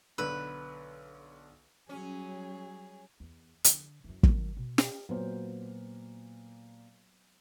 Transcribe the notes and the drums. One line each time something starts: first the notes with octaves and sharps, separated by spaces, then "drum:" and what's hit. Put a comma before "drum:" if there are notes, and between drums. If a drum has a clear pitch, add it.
B1 D3 B4 E6
F#3 G3 C#4 G#4
E2
D3, drum: hi-hat
F#2 E3
D#3 F#3, drum: kick
B2
drum: snare
A#2 F#3 A#3 B3 C5